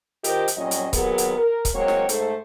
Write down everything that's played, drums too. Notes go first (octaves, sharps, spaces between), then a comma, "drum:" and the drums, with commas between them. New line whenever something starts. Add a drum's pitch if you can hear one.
D#3 F4 G4 A#4 C5 D#5, drum: hi-hat
drum: hi-hat
F2 A#2 F#3 G3 C#4 D#5
drum: hi-hat
D#2 F#3 B3 G#4 A#4, drum: kick C#1, hi-hat
drum: hi-hat
A#4
drum: kick C#1, hi-hat
F#3 G#3 A#3 C4 C#5
drum: snare
G#2 A3 C5, drum: hi-hat